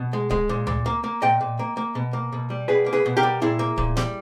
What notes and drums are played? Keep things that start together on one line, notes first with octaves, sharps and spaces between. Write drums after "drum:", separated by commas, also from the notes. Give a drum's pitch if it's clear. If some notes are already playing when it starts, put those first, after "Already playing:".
Already playing: B2
G#3
G#3, drum: kick D1
A#2
A#2, drum: tom D2
A#3
A#3
A#2 D#5 G5
A#2
A#3
A#3
B2
A#3
B2
G3
B2 G#4 B4
A#3
G#4 B4
B2
G4 A#4
G3
A#2 E4 G#4
A#3
A#2, drum: kick D1
G3, drum: snare